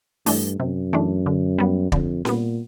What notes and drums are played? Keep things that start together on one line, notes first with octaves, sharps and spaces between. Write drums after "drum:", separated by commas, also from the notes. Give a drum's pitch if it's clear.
G2 E3 A3 D4, drum: open hi-hat
F#2 C3
E3 A3 D4
D3
G3 B3
F2 D3, drum: kick
A#2 G3 B3, drum: snare C#4